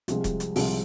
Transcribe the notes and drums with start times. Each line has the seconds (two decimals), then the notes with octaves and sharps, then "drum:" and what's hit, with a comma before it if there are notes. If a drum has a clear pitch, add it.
0.08 C2 C3 F3 G#3 C4, drum: hi-hat
0.24 drum: kick D#1, hi-hat
0.40 drum: hi-hat
0.56 C2 C3 F3 G#3 C4, drum: open hi-hat